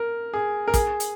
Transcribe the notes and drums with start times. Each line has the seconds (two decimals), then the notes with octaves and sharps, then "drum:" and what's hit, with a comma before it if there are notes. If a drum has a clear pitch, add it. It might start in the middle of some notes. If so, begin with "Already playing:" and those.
Already playing: A#4
0.34 G#4
0.68 A#4
0.74 G#4, drum: kick, hi-hat
1.00 drum: hi-hat